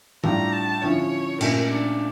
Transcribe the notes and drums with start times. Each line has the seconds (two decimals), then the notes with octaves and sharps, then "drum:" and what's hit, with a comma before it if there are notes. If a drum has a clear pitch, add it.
0.24 A2 G3 D4 F4 A#5, drum: tom
0.53 A5
0.81 D3 F3 C#4 E4 C#5
1.41 A#2 A3 C#4 A#4, drum: cymbal
1.69 D4